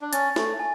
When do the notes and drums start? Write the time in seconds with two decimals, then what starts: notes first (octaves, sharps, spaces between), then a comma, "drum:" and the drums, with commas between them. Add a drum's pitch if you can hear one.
0.01 D4
0.13 C#4 A6, drum: hi-hat
0.36 A3, drum: snare
0.60 G#5